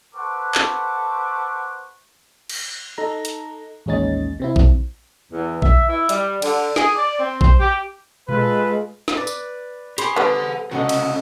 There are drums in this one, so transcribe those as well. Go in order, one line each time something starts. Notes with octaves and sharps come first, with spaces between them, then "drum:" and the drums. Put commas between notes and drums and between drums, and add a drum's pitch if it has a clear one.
A4 B4 C5 F#5 C#6 D6
drum: clap
drum: cymbal
D#4 A4 A#5
drum: hi-hat
A1 D#2 G#3 C#4 D#4 A6
C3 C4 E4
drum: kick A#1
E2
E5, drum: kick A#1
E4
G3, drum: hi-hat
D3, drum: cymbal
G#4, drum: snare
D5
C4
C5, drum: kick A#1
G4
G#3 F4 A4 B4, drum: tom A#2
drum: snare
B4 D5
drum: tambourine
G4 G#4 C5 B5 C#6, drum: hi-hat
G3 B3 A4 F#5
C2 C#3 F#4 A4 D#5
drum: cymbal